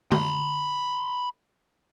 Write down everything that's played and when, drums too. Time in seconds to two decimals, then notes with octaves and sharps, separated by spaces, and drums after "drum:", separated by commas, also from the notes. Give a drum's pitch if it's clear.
0.12 B5 C6, drum: tom D3